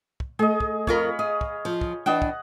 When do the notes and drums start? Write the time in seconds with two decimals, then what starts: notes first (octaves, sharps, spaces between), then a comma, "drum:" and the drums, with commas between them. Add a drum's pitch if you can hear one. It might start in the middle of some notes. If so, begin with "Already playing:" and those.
0.20 drum: kick
0.39 A3 G#4 D#5
0.60 drum: kick
0.87 F2 F4 A#4 C#5 F5 B5, drum: kick
1.19 G#4 D#5
1.41 drum: kick
1.65 F3
1.81 drum: kick
2.06 E3 D4 D#5 F#5 G5
2.22 drum: kick